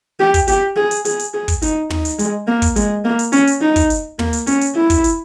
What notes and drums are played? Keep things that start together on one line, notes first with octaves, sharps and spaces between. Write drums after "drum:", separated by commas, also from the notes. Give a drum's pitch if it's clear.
G4
drum: kick, hi-hat
G4, drum: hi-hat
G#4
drum: hi-hat
G#4, drum: hi-hat
drum: hi-hat
G#4
drum: kick, hi-hat
D#4, drum: hi-hat
D#4, drum: tom
drum: hi-hat
G#3, drum: hi-hat
A#3
drum: kick, hi-hat
G#3, drum: hi-hat
A#3
drum: hi-hat
C#4, drum: hi-hat
drum: hi-hat
D#4
drum: kick, hi-hat
drum: hi-hat
A#3, drum: tom
drum: hi-hat
C#4, drum: hi-hat
drum: hi-hat
E4
drum: kick, hi-hat
drum: hi-hat